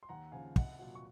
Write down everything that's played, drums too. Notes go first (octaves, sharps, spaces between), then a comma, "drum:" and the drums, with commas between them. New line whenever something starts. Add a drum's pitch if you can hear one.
C6
D#2 F#5 A#5
C#3 F3 F5 G#5
C2 D#5 F#5, drum: kick
A#2 F#3
C#6